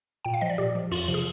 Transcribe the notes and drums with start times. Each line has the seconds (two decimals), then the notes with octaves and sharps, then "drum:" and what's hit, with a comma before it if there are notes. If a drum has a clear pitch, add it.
0.25 A#2 G5
0.34 F5
0.41 F3 D#5
0.50 D5
0.58 A#2 G4
0.75 F3
0.91 F2 F4, drum: open hi-hat
1.08 C3 F3
1.14 G#4